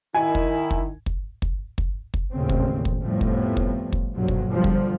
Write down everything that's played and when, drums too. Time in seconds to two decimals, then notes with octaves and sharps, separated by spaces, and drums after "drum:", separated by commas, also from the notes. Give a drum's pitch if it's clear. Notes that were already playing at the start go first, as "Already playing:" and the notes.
0.14 D#3 E4 G#5
0.35 drum: kick
0.71 drum: kick
1.06 drum: kick
1.42 drum: kick
1.78 drum: kick
2.14 drum: kick
2.34 A1 D#2 A#2 C#3 C4
2.49 drum: kick
2.85 drum: kick
3.03 F2 A2 F3 G3 B3
3.21 drum: kick
3.57 drum: kick
3.93 drum: kick
4.16 B1 G2 A#2 F3 F#3
4.28 drum: kick
4.51 G1 D3 F3 G3
4.64 drum: kick